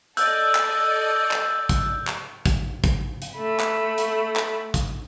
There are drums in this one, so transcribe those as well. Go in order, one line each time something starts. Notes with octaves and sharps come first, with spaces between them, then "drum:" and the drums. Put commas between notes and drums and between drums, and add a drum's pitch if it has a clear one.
A4 D5 D#5 E6 F#6 G6, drum: hi-hat
drum: clap
drum: clap
drum: kick, hi-hat
drum: clap
drum: kick, hi-hat
drum: kick, hi-hat
drum: hi-hat
A3 B5
drum: clap
drum: hi-hat
drum: clap
drum: kick, hi-hat